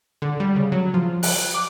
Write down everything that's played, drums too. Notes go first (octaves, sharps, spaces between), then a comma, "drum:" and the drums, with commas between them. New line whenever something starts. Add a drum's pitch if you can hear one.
D3
G3
C#3
F#3
F3
F#6, drum: open hi-hat
D6